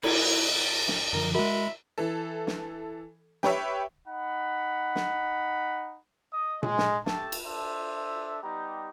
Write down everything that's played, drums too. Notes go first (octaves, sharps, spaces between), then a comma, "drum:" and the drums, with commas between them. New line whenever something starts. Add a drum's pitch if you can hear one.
E4, drum: cymbal
drum: snare
F#2 D3 F3 A#4
G#3 F#4 A#4 E5 B5
E3 A4
drum: snare
G4 B4 C#5 E5, drum: snare
D#4 F#5 B5
drum: snare
D#5 D#6
G#3, drum: tom A#2
drum: snare
A3 G4 A4 A5, drum: snare
drum: cymbal
D4 A4 C5 E5
G3 B3 D#4 G4 A#5